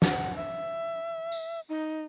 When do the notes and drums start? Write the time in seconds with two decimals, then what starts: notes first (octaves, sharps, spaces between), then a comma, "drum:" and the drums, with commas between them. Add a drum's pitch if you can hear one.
0.02 F#5, drum: snare
0.36 E5
1.32 drum: tambourine
1.69 D#4